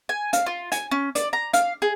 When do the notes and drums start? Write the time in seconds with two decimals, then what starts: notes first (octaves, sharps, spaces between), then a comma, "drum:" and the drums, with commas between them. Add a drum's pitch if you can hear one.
0.09 G#5
0.33 F5, drum: hi-hat
0.46 F4
0.72 G#5, drum: hi-hat
0.91 C#4
1.15 D5, drum: hi-hat
1.33 A#5
1.53 F5, drum: hi-hat
1.82 G#4